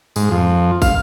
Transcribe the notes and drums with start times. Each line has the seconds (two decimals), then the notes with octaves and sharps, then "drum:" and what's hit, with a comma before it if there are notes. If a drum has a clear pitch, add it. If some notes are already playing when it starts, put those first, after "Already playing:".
0.16 G#2, drum: tambourine
0.31 F2
0.82 F5, drum: kick, tambourine